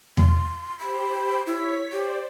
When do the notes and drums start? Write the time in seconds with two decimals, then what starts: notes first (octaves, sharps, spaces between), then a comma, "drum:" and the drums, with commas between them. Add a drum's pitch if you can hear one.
0.17 C6, drum: tom E2
0.79 G4 C5 B5
1.47 E4 C#5 B6
1.92 G4 C5 D5